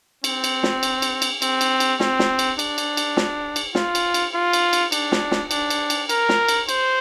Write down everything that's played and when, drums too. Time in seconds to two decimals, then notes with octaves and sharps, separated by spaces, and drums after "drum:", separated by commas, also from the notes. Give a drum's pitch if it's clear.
0.24 C4, drum: cymbal
0.44 drum: cymbal
0.63 drum: snare
0.83 drum: cymbal
1.02 drum: cymbal
1.22 drum: cymbal
1.42 C4, drum: cymbal
1.61 drum: cymbal
1.80 drum: cymbal
2.00 C4, drum: snare
2.19 drum: snare
2.39 drum: cymbal
2.59 D4, drum: cymbal
2.78 drum: cymbal
2.97 drum: cymbal
3.17 drum: snare
3.56 drum: cymbal
3.75 F4, drum: snare
3.95 drum: cymbal
4.14 drum: cymbal
4.34 F4
4.53 drum: cymbal
4.73 drum: cymbal
4.92 D4, drum: cymbal
5.12 drum: snare
5.31 drum: snare
5.51 D4, drum: cymbal
5.70 drum: cymbal
5.90 drum: cymbal
6.09 A#4, drum: cymbal
6.29 drum: snare
6.48 drum: cymbal
6.69 C5, drum: cymbal